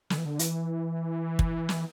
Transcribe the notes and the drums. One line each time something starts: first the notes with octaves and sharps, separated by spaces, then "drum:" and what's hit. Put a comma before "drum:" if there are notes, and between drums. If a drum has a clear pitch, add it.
D3, drum: snare
E3
D3
E3, drum: hi-hat
drum: kick
drum: snare